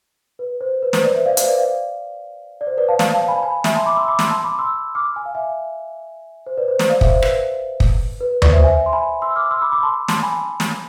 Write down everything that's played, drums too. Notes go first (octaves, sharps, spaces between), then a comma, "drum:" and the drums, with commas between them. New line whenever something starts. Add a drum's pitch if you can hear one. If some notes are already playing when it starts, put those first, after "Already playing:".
B4
C5
B4
C5, drum: snare
B4 D5
C5 E5
D5 F5
C5, drum: hi-hat
B4 D5
D5 F5
D5
C5
B4 D5
F5 A5
F5 A5, drum: snare
F5 A5
G#5 B5
G#5 B5
E5 G#5, drum: snare
A5 C6
B5 D6
C6 E6
B5 D6
C6 E6, drum: snare
A5 C6
B5 D6
C6 E6
D6 F6
G#5
F5
E5 G#5
C5
B4 D5
C5
C5, drum: snare
D5 F5
C5 E5, drum: kick
C5
B4, drum: rim click
drum: kick
B4
B4 D5, drum: tom D#2
C5 E5
E5 G#5
C6
G#5 B5
C6 E6
D6 F6
C6 E6
B5 D6
B5 D6
A5 C6
A5 C6, drum: snare
G#5 B5
drum: snare